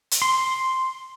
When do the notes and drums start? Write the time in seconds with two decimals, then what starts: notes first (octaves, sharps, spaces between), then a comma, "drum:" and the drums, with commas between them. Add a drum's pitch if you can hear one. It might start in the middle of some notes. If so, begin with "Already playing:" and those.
0.11 drum: hi-hat
0.22 C6